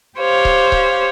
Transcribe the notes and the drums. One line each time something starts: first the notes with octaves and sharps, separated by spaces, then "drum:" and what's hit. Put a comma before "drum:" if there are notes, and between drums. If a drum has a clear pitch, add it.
G4 C5 C#5 F5
drum: kick C#1
drum: kick C#1